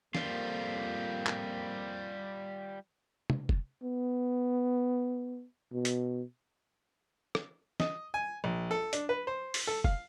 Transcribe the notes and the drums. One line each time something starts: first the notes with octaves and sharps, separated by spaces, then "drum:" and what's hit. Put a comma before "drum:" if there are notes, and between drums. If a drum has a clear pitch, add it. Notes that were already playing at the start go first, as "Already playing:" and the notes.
F2 G3 A#3 F4, drum: snare
drum: clap
drum: tom
drum: kick
B3
B2
drum: hi-hat
drum: rim click
D#5, drum: snare
G#5
A#1
A4
D4, drum: hi-hat
B4
C5
drum: open hi-hat
A4
F5, drum: kick